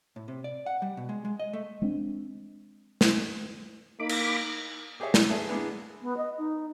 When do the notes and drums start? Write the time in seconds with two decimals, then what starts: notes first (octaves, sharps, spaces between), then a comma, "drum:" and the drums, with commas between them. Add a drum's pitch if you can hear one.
0.16 A2
0.28 C3
0.44 D5
0.66 F#5
0.82 G3
0.97 B2
1.09 G#3
1.25 G#3
1.39 D#5
1.53 A3
1.82 G#3 C4 D4
3.01 drum: snare
4.00 A#3 D#4 B5 D6
4.09 drum: cymbal
5.00 G4 G#4 C#5 D#5 E5
5.14 D5, drum: snare
5.30 G#4 A4 B4 E5
5.47 G#3 A#3 B3 D4 E4 G#4
6.02 B3
6.17 D#5
6.38 D#4